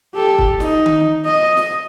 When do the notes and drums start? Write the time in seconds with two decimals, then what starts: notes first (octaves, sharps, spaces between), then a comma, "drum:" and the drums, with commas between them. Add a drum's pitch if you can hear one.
0.15 G4 A4
0.38 drum: kick
0.60 D#4, drum: snare
0.86 drum: tom D#3
1.26 D#5
1.57 drum: snare